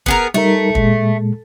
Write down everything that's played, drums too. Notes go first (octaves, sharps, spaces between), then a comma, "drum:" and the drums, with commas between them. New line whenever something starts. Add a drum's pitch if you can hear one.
B3 G#4 A#4, drum: kick
G3 A3 D#4 A#4
A#2 G#3, drum: kick